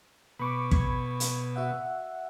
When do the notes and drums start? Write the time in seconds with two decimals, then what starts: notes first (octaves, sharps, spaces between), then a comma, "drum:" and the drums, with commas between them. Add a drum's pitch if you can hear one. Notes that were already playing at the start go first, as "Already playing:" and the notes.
0.39 B2 B5 C#6 D6
0.71 B5 C#6 G#6, drum: kick
1.20 drum: hi-hat
1.56 F#4 E5 F#5